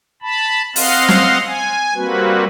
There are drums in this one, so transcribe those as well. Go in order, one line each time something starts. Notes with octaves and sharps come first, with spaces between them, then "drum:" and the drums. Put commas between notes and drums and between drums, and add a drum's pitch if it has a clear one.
A5 B5
C4 D#5 F5 F#5 C6, drum: open hi-hat
drum: snare
G#5
G3 A#3 C4 F#4 B4